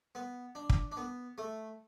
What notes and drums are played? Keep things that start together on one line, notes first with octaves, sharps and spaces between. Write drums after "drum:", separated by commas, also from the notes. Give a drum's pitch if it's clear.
B3
D4
drum: kick
D4
B3
A3